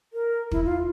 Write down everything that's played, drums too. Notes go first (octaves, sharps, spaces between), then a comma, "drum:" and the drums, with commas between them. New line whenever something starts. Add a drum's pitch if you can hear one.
A#4
E4, drum: kick
F4